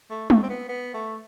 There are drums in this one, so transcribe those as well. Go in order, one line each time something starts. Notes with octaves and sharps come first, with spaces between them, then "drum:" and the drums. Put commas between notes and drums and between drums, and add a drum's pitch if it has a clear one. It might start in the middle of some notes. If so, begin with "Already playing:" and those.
A3
A3, drum: tom
C4
B3
B3
A3